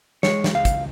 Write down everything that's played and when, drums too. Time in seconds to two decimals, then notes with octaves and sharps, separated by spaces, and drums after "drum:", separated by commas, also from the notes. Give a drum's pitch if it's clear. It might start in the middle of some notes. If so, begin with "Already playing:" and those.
0.23 G#3 C#5, drum: snare
0.44 drum: snare
0.54 C#2 F5
0.65 drum: kick, hi-hat